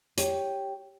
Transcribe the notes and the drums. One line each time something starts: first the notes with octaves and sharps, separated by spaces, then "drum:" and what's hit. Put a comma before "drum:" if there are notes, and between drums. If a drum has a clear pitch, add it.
G4 C#5, drum: hi-hat